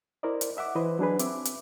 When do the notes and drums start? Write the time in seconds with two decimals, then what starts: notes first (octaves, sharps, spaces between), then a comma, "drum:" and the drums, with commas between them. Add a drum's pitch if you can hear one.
0.23 E4 A#4 C5 D5 D#5
0.41 drum: hi-hat
0.57 D#5 E5 F#5 D6
0.75 E3 E4 B4 C5 D#5
0.99 F#3 D4 G#4 B4
1.19 C4 E5 D6, drum: hi-hat
1.45 drum: hi-hat